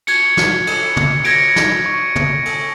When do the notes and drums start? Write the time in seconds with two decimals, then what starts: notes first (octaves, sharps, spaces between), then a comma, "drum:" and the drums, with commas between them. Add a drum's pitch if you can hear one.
0.07 G#6 C#7, drum: cymbal
0.37 drum: snare
0.67 drum: cymbal
0.97 drum: tom
1.25 G#6 A#6 C#7 D7, drum: cymbal
1.56 drum: snare
1.86 C#6
2.16 drum: tom
2.45 drum: cymbal